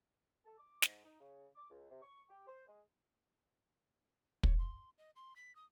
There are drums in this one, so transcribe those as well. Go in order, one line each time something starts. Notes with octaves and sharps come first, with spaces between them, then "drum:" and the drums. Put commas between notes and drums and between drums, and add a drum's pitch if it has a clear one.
A4
D6
G#2, drum: snare
D#4
C#3
D6
C#2
C3
C#6
G4
C5
G#3
C#5, drum: kick
C6
D#5
C6
B6
D#6